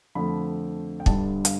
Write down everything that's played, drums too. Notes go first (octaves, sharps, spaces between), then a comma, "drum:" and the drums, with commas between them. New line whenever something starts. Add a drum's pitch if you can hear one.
F2 D3 F3 A3 B5
G5
G1 G2 D3 A5, drum: kick
F5, drum: hi-hat